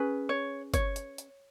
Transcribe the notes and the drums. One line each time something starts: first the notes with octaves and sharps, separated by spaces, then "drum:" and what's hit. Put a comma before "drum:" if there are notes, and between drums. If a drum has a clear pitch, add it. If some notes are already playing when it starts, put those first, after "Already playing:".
Already playing: C#4 G#4 B4
C#5
C#5, drum: kick G1, hi-hat
drum: hi-hat
drum: hi-hat